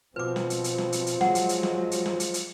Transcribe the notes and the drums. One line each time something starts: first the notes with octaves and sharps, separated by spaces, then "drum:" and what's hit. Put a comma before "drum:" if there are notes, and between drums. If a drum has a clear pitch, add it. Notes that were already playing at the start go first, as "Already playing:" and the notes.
B2 F3 C4 B4 D6
drum: snare
drum: hi-hat
drum: hi-hat
drum: snare
drum: hi-hat
drum: hi-hat
F#3 G#3 F#5, drum: snare
drum: hi-hat
drum: hi-hat
drum: snare
drum: hi-hat
drum: snare
drum: hi-hat
drum: hi-hat